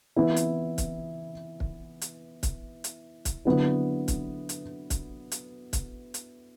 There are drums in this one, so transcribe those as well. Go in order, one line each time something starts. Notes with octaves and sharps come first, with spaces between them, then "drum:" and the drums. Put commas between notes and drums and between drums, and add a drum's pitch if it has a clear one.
E3 B3 E4
drum: hi-hat
drum: kick, hi-hat
drum: kick
drum: hi-hat
drum: kick, hi-hat
drum: hi-hat
drum: kick, hi-hat
D3 F#3 B3 E4
drum: kick, hi-hat
drum: hi-hat
drum: kick, hi-hat
drum: hi-hat
drum: kick, hi-hat
drum: hi-hat